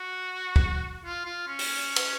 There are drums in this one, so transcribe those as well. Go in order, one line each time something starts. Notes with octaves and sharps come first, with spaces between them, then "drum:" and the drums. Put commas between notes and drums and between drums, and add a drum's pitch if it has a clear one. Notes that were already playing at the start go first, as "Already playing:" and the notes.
Already playing: F#4
drum: kick
F4
F4
C#4
drum: open hi-hat
drum: cymbal